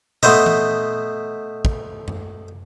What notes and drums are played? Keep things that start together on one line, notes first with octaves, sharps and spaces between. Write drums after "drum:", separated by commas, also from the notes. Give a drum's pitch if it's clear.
A3 B3 C5 D#5, drum: tom A#2
drum: tom E3
drum: kick
drum: tom F#2